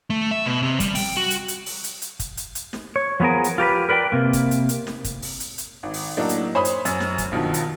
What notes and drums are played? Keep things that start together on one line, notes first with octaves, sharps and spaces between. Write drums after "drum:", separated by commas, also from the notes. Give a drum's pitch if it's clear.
A3
E5
B2
C3
G3, drum: kick, hi-hat
G5, drum: open hi-hat
F#4
drum: hi-hat
drum: hi-hat
drum: open hi-hat
drum: hi-hat
drum: hi-hat
drum: kick, hi-hat
drum: hi-hat
drum: hi-hat
drum: snare
C#5
F3 F#3 B3 G#4 A#4
drum: hi-hat
F4 G4 A#4 B4
A#4 B4 D5 F#5 G5
C3 A#3
drum: kick, hi-hat
drum: hi-hat
drum: hi-hat
drum: snare
drum: kick, hi-hat
drum: open hi-hat
drum: hi-hat
drum: hi-hat
G#1
drum: open hi-hat
A2 F#3 A#3 D4 D#4
drum: hi-hat
C5 C#5 B5 D#6
drum: hi-hat
F#2 C#4, drum: hi-hat
drum: snare
drum: kick, hi-hat
G2 B2 D#3 F3
drum: hi-hat